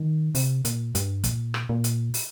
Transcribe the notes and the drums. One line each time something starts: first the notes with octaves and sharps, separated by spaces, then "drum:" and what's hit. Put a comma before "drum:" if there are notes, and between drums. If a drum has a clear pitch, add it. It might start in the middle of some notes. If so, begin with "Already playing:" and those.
Already playing: D#3
C3, drum: open hi-hat
A#2, drum: hi-hat
G2, drum: hi-hat
A#2, drum: kick, hi-hat
drum: rim click
A#2
drum: hi-hat
drum: open hi-hat